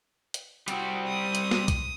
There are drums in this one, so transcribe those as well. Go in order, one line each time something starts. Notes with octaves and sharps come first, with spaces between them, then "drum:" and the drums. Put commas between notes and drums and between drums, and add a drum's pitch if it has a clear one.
drum: hi-hat
G3 C4 F#4, drum: hi-hat
D#6
drum: hi-hat
drum: snare
drum: kick B1, hi-hat